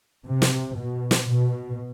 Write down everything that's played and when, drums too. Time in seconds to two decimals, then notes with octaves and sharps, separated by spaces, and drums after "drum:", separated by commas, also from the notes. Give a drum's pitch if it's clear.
0.25 C3
0.42 drum: snare
0.76 B2
1.11 drum: snare
1.27 B2